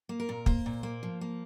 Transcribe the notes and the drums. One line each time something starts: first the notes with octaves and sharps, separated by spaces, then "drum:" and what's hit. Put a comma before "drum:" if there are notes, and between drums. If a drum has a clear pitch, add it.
A#3
A#4
A#2
A#3 C5, drum: kick
A#2
A#3
F3
A#3